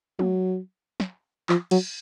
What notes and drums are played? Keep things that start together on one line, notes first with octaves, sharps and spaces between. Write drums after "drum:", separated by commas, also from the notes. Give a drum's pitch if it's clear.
F#3, drum: tom
drum: snare
F3, drum: clap
F#3, drum: cymbal